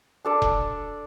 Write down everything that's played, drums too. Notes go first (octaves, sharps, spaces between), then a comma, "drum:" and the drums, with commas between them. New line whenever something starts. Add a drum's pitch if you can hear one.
D4 A4 D5
drum: kick E1